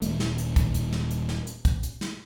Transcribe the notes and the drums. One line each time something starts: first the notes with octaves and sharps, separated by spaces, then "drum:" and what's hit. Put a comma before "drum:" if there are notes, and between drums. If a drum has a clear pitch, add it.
D#1 A3, drum: hi-hat
drum: snare
drum: hi-hat
drum: kick, hi-hat
drum: hi-hat
drum: snare
drum: hi-hat
drum: snare
drum: hi-hat
drum: kick, hi-hat
drum: hi-hat
drum: snare